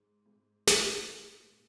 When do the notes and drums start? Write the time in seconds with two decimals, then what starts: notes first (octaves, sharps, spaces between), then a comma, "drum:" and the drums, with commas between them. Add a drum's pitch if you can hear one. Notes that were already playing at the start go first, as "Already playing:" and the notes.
Already playing: G#2
0.26 G#2
0.67 G#2, drum: snare
1.09 G#2
1.50 A#2